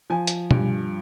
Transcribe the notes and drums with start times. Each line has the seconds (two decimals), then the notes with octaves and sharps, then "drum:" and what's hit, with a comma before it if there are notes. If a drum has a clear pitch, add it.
0.10 F3 G#5
0.27 drum: hi-hat
0.51 G2, drum: tom B2